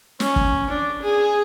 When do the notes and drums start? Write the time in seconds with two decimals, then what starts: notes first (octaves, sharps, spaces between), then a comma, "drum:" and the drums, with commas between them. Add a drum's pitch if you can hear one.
0.20 C#4, drum: snare
0.36 drum: kick
0.69 D4
1.01 G#4